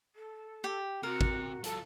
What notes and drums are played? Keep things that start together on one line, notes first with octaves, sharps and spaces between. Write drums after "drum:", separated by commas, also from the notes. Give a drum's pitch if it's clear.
A4
G4
C3 F#4 A#4
drum: kick G#1
F#3 F4 A4, drum: hi-hat